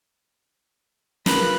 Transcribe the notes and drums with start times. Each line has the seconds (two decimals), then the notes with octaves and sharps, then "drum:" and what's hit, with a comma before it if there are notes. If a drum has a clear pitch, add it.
1.26 F4 A#4 B4 B5 F#6, drum: snare